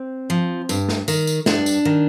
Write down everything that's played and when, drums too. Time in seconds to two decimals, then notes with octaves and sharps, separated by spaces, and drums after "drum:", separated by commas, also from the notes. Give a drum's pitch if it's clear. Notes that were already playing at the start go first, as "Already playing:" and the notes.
Already playing: C4
0.30 F3
0.69 G2, drum: tambourine
0.89 drum: snare
1.08 D#3, drum: tambourine
1.27 drum: tambourine
1.46 G2 D4, drum: snare
1.66 drum: tambourine
1.85 D#3